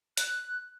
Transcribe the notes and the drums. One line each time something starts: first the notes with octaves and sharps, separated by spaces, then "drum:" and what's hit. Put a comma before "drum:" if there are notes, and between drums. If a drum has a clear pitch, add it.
F#6, drum: hi-hat